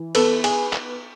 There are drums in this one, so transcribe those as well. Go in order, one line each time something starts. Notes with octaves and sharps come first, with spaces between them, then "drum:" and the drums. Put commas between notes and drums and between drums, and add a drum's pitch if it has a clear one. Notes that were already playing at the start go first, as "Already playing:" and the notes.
Already playing: E3
B3 A4, drum: cymbal
G#4, drum: cymbal
drum: clap